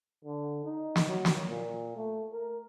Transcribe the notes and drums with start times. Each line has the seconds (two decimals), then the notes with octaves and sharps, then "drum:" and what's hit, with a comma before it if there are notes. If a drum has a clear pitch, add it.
0.25 D3
0.64 D#4
0.96 drum: snare
1.09 F#3
1.25 drum: snare
1.49 A#2
1.96 A3
2.32 A#4